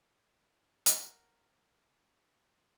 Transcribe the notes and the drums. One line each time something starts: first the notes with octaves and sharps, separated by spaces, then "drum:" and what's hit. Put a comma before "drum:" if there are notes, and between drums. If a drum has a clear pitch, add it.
A#4 F#5, drum: hi-hat